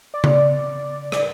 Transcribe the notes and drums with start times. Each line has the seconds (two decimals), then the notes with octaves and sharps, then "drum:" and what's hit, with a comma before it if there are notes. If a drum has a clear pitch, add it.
0.14 D5
0.24 drum: tom C#3
1.12 drum: rim click